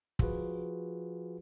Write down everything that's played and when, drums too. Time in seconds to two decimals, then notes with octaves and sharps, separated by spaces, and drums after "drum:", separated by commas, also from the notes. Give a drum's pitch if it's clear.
0.19 F3 F4 F#4 G#4 B4, drum: kick